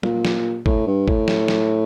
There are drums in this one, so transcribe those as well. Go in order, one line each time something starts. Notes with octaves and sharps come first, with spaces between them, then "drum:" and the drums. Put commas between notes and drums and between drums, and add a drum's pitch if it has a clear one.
A#2, drum: tom
drum: snare
A2, drum: kick G#1
G2
A2, drum: kick G#1
drum: snare
drum: snare